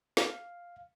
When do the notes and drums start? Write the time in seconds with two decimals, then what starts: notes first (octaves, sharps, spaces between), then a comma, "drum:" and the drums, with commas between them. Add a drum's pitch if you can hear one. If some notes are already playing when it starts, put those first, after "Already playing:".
0.17 F5, drum: snare